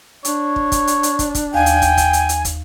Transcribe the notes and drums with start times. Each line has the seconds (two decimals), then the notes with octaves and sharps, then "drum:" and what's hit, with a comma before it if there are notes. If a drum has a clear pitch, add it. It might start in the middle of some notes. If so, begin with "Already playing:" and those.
0.25 D4 C#5, drum: hi-hat
0.56 drum: kick
0.72 drum: kick, hi-hat
0.87 drum: hi-hat
1.03 drum: hi-hat
1.19 drum: kick, hi-hat
1.35 drum: kick, hi-hat
1.54 D#2 F5 G5 G#5
1.66 drum: hi-hat
1.82 drum: kick, hi-hat
1.97 drum: kick, hi-hat
2.13 drum: hi-hat
2.29 drum: hi-hat
2.45 drum: kick, hi-hat